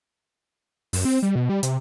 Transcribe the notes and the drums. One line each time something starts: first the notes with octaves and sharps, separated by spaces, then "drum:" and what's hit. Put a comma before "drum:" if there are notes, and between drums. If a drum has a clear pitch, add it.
F#2, drum: open hi-hat
C4
G3
B2
G3
C3, drum: hi-hat